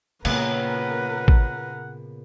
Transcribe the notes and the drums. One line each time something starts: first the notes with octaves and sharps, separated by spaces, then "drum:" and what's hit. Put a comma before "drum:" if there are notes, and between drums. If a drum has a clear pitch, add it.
A#2 C#3 A#3 B3 A#4 B4 F#5, drum: cymbal
drum: kick